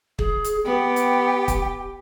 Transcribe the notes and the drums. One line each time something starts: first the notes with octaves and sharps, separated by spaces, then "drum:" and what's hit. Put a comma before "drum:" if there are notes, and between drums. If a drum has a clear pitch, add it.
G#4, drum: kick
drum: hi-hat
B3 G4 G5
drum: hi-hat
drum: kick, hi-hat